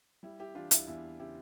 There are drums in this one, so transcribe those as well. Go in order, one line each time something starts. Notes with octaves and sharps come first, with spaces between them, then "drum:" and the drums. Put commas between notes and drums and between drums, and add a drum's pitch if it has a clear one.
G3 E4
E4 G4
E3 D4 F4
E4, drum: hi-hat
E2 E4
C#3 E4 G4